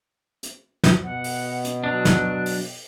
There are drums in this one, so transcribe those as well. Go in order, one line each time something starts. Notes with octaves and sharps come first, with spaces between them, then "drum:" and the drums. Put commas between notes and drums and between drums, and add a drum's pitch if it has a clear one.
drum: hi-hat
drum: snare
B2 F#5
drum: open hi-hat
drum: hi-hat
F#3 D4 F#6
drum: snare
drum: open hi-hat